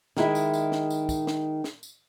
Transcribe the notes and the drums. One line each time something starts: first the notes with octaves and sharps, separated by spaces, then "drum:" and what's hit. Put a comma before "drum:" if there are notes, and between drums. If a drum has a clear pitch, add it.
D#3 G#3 E4, drum: snare
drum: tambourine
drum: tambourine
drum: snare
drum: tambourine
drum: kick, tambourine
drum: snare
drum: snare
drum: tambourine